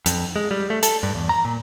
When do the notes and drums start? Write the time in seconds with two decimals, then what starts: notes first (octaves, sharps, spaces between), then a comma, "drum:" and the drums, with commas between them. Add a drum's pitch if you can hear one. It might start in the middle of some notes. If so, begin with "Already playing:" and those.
0.06 F2, drum: hi-hat
0.36 G#3
0.51 G3
0.70 A3
0.83 A4, drum: hi-hat
1.03 G2
1.15 E2
1.29 A#5
1.45 A#2